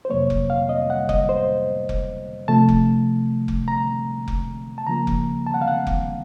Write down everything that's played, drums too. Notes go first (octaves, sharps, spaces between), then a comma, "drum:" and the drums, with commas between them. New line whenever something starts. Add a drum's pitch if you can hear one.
C5
F2 C3 F#3 A#3 C#5
drum: kick F1
F5
D#5
F#5
D#5, drum: kick F1
C5
drum: kick F1
C3 F3 A3 A5
drum: kick F1
drum: kick F1
A#5
drum: kick F1
A5
C#3 F3 A#3 A#5
drum: kick F1
A5
F#5
F5
F#5
drum: kick F1